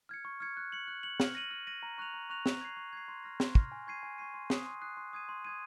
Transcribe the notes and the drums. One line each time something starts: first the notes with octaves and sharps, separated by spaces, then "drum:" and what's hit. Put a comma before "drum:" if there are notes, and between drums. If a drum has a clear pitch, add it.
F6 G#6 C#7
C#6
F6 G#6 C#7
F#6
C#7 F#7
F#6
C#7 F#7
F6, drum: snare
A#6 D#7 F#7
F6
A#6 D#7 F#7
A#5
C#6 F#6 A#6 F7
A#5
C#6 F#6 A#6 F7
C#6, drum: snare
G#6 C7
C#6
G#6 C7
C6
F6 A#6
C6, drum: snare
F6 A#6, drum: kick
G#5
C#6 G#6 C7 D#7
G#5
C#6 G#6 C7 D#7
C6
D#6 F#6 C7, drum: snare
C6
D#6 F#6 C7
C6
D#6 G#6 D#7
C6
D#6 G#6 D#7